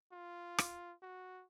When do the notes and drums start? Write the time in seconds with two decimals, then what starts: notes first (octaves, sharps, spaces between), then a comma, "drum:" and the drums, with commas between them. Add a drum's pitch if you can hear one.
0.12 F4
0.58 drum: rim click
1.03 F#4